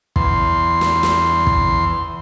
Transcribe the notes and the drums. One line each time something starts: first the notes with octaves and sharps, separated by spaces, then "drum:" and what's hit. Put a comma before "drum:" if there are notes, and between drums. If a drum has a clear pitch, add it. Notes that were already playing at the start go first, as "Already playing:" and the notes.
E2 C6, drum: kick
drum: snare
drum: snare
drum: kick